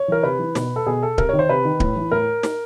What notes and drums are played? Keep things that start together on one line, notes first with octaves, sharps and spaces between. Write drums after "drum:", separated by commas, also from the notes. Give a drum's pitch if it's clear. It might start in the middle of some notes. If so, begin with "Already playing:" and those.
Already playing: C#5
E3 A#4
C3 B4
E3
B2, drum: snare
A4
B2 G#4
A4
C3 A#4, drum: kick D1
D#3 C#5
C5
C3 B4
D#3
A2, drum: kick D1
E3
A2 A#4
drum: snare